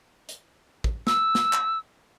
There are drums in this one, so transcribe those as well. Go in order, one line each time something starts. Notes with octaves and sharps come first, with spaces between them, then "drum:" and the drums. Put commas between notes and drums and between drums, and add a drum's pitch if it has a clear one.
drum: hi-hat
drum: kick
E6, drum: snare
drum: snare
drum: clap